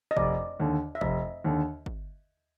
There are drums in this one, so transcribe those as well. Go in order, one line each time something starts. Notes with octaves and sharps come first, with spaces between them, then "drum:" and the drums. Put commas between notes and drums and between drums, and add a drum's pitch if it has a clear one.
D#5
F1 D5, drum: kick
D#2 D3
E5
F1 D#5, drum: kick
D#2 D3
drum: kick